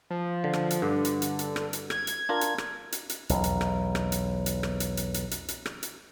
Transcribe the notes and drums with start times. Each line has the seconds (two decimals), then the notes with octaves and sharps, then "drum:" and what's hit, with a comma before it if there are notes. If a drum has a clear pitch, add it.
0.10 F3
0.44 D3
0.53 drum: rim click
0.71 drum: hi-hat
0.82 G2 D3
1.05 drum: hi-hat
1.22 drum: hi-hat
1.39 drum: hi-hat
1.56 drum: rim click
1.73 drum: hi-hat
1.90 G#6, drum: rim click
2.07 drum: hi-hat
2.29 D4 F4 A#4
2.41 drum: hi-hat
2.58 drum: rim click
2.92 drum: hi-hat
3.09 drum: hi-hat
3.29 B1 E2, drum: hi-hat
3.44 drum: hi-hat
3.61 drum: rim click
3.95 drum: rim click
4.12 drum: hi-hat
4.46 drum: hi-hat
4.63 drum: rim click
4.80 drum: hi-hat
4.97 drum: hi-hat
5.14 drum: hi-hat
5.31 drum: hi-hat
5.48 drum: hi-hat
5.66 drum: rim click
5.83 drum: hi-hat